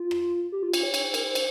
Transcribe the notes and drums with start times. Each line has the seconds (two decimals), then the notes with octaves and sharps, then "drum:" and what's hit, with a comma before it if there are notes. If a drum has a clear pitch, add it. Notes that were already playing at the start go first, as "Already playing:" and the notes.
Already playing: F4
0.11 drum: rim click
0.52 G4
0.63 F4
0.74 F4, drum: cymbal
0.83 C#5
0.94 C#5, drum: cymbal
1.04 C5
1.14 A#4, drum: cymbal
1.24 C5
1.35 drum: cymbal